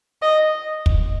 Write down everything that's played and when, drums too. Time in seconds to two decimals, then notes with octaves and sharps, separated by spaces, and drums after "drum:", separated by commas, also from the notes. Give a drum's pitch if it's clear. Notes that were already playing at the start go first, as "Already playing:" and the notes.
0.22 D#5
0.86 drum: kick